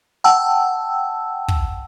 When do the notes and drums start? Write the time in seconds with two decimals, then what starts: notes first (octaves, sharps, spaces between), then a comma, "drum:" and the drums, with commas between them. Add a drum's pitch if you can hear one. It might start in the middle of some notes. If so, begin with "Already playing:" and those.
0.24 F#5 G5 A5 E6
1.48 drum: kick